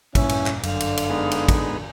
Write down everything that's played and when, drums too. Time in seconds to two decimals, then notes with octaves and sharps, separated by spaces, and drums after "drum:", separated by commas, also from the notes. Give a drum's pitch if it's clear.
0.15 G2 A#2 E3 C#4 E5, drum: kick, cymbal
0.29 drum: cymbal
0.46 drum: clap
0.63 G1 F#2 D3 F5, drum: cymbal
0.80 drum: cymbal
0.97 drum: cymbal
1.10 G#3 B3 D#4
1.31 drum: cymbal
1.49 drum: kick, cymbal